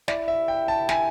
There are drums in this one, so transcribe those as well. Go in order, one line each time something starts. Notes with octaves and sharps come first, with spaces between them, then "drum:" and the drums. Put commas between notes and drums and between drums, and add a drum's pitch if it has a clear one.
E4 D5, drum: snare
E5
G5
A5
G#5, drum: snare